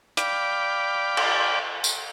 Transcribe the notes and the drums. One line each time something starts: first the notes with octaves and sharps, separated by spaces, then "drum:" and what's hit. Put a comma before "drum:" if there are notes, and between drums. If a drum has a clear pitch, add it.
D5 F5 G5 B5 D6, drum: hi-hat
drum: cymbal
drum: tambourine